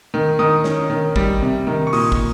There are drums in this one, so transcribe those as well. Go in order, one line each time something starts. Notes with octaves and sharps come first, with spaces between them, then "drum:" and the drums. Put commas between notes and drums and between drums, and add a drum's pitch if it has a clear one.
D#3
D#3 D#6
C#4, drum: snare
D#3
G3, drum: kick
C3
D#3
C#6
A#2 D#6, drum: open hi-hat
drum: kick